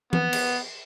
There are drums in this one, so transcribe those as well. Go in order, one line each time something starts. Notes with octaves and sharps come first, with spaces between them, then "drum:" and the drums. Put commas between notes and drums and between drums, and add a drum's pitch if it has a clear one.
B3, drum: tom E3
drum: cymbal